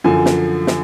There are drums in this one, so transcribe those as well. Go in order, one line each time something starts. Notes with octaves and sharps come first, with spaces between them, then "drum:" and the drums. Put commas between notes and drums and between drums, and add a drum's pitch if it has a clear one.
F#2 D3 F3 G#5
drum: snare
drum: snare